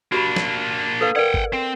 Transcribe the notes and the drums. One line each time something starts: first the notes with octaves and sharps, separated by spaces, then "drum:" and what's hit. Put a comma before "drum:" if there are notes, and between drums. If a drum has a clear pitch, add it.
A#3 D4 F#4 G4 B5
drum: snare
A4 B4 F5
A#4 B4 D5 F#5 G5
drum: kick G#1
C4